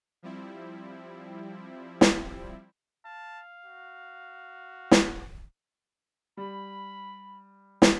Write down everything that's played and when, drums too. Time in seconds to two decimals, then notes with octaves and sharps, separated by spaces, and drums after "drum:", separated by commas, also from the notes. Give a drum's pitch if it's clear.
0.23 F3 G3 C4 E4
2.01 drum: snare
3.05 F5 A5
3.64 F#4
4.91 drum: snare
6.37 G3 B5
7.82 drum: snare